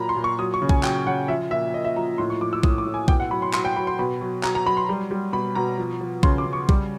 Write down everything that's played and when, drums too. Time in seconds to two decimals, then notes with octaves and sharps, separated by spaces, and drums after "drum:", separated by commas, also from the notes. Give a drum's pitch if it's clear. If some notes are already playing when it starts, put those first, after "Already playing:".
Already playing: A#2 F#3 A#5 B5
0.09 C6
0.16 A#2
0.24 C#6
0.39 F#3 D#6
0.54 C#6
0.62 C#3
0.69 G#5, drum: kick B1
0.83 F#3 G5, drum: clap
1.07 C#3 F#5
1.28 F3 E5
1.51 A#2 E5
1.74 A#2 D#5
1.85 E5
1.96 F3 A#5
2.18 A2 C6
2.30 C#6
2.41 F3 D6
2.53 E6
2.63 A2 D#6, drum: kick B1
2.78 D6
2.86 A2
2.94 G#5
3.08 B2 G5, drum: kick B1
3.20 F#5
3.31 F#3 B5
3.42 C6
3.53 F#3 C6, drum: clap
3.65 G5
3.76 F#3 B5
3.87 C6
3.99 B2 B5
4.21 F#3
4.43 F#3 A#5, drum: clap
4.55 A#5
4.66 F#3 B5
4.77 C6
4.89 G3
5.11 G3
5.33 B2 B5
5.55 B2 A#5
5.78 F3
6.01 F3
6.23 C#3 C6, drum: kick B1
6.38 D6
6.45 C#3
6.53 C#6
6.69 G3, drum: kick B1